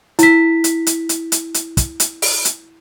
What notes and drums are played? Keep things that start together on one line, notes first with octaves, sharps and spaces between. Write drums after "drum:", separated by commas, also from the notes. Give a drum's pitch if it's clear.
E4 B6, drum: hi-hat
drum: hi-hat
drum: hi-hat
drum: hi-hat
drum: hi-hat
drum: hi-hat
drum: kick, hi-hat
drum: hi-hat
drum: open hi-hat
drum: hi-hat